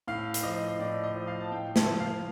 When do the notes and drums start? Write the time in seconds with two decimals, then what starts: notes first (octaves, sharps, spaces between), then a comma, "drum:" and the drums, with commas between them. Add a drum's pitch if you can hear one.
0.08 A2 F5
0.34 drum: hi-hat
0.43 F3 D#5
0.68 D#5
0.80 A2 D5
1.04 D#5
1.16 F3
1.27 F5
1.41 A5
1.52 A2 G5
1.76 A5, drum: snare
1.87 F3
2.00 F5